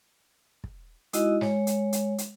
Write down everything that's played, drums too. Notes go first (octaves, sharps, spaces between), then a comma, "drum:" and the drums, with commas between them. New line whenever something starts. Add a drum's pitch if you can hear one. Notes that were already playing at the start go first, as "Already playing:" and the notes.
drum: kick
G#3 D#4 E4 F#4 D#5, drum: hi-hat
G#3 C#5, drum: snare
drum: hi-hat
drum: hi-hat
drum: hi-hat